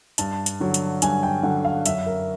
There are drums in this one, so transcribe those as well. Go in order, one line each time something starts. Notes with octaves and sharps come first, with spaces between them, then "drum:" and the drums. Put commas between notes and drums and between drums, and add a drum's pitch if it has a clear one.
G2 A5, drum: hi-hat
drum: hi-hat
D3 F#3
drum: hi-hat
G2 G#5, drum: hi-hat
G5
D3 F#3 F#5
F5
F#2 E5, drum: hi-hat
A#4